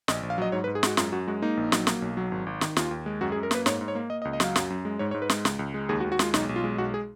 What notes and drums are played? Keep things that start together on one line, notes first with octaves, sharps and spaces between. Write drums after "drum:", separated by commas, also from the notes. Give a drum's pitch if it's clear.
A#1 D#5, drum: snare
A#1
F5
F#3 D#5
G#2 C#5
B4
G#2
G#4
G#3 F#4, drum: snare
F#2 F4, drum: snare
F#2 F#4
G#3 F#4
A#3 D#4
A#1
F#3, drum: snare
A#3, drum: snare
B1
F#3
G#1
G#1
D#3, drum: snare
D#2 F4, drum: snare
D#2
G#3
F#2 F#4
G#4
F#2
A#4
A#3 B4, drum: snare
G#2 C#5, drum: snare
G#2
C#5
A#3
A#3 D#5
D#5
C#2
D#5
F#3 F5, drum: snare
F#2, drum: snare
F#2
G#3
G#2 C#5
C#5
G#2
B4
G#3, drum: snare
C#2, drum: snare
C#2
G#3
D#2 G#4
F#4
D#2
F#4
G#3 F4, drum: snare
B1 D#4, drum: snare
B1
F4
G#3
B1 F#4
G#4